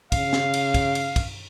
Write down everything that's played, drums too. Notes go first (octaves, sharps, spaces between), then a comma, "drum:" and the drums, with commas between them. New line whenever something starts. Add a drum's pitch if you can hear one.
C#3 F5, drum: kick, cymbal
drum: snare
drum: cymbal
drum: kick, cymbal
drum: cymbal
drum: kick, cymbal